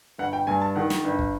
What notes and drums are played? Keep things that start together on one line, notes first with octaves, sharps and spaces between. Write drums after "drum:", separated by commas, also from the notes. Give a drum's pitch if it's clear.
G1 F#5
G5
G2 G#5
A5
D#3 F#5
drum: snare
G1
drum: kick